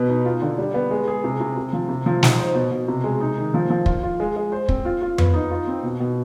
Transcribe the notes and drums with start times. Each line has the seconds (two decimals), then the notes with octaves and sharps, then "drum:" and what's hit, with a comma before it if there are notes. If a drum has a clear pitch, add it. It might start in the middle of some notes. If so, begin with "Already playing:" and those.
Already playing: B2 B4
0.08 D#4
0.25 F4
0.42 D3
0.58 G3
0.74 B3
0.91 G#3
1.08 G#4
1.24 C3
1.41 C3
1.57 C3
1.73 F3
1.89 C3
2.06 F3
2.23 D#4, drum: snare
2.39 C5
2.55 B2
2.71 B2
2.88 C3
3.04 G#3
3.20 D#4
3.37 D#3
3.54 F3
3.70 F3
3.86 F4, drum: kick
4.03 F4
4.20 G#3
4.36 G#3
4.52 C5
4.69 C4, drum: kick
4.85 F4
5.02 F4
5.18 B3, drum: tom F2
5.34 D#4
5.50 F4
5.67 C4
5.83 B2
6.00 B2